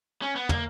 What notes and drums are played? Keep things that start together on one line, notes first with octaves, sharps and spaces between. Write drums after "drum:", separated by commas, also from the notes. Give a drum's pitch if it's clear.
C#4
B3
A#3, drum: tom